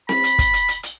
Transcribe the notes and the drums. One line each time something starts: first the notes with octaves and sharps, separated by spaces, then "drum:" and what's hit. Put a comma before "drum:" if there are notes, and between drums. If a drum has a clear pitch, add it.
B5, drum: snare C4
drum: hi-hat
drum: kick, hi-hat
drum: hi-hat
drum: hi-hat
drum: hi-hat